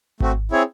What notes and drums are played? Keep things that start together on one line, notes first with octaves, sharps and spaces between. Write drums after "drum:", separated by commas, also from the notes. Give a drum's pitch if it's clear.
A3 C4 F#4, drum: kick G#1
C4 E4 G#4 C#5